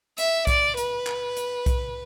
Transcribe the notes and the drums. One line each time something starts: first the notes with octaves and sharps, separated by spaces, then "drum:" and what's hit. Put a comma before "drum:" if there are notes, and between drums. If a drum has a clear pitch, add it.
E5, drum: hi-hat
D5, drum: kick B1, hi-hat
B4, drum: hi-hat
drum: clap
drum: hi-hat
drum: kick B1, hi-hat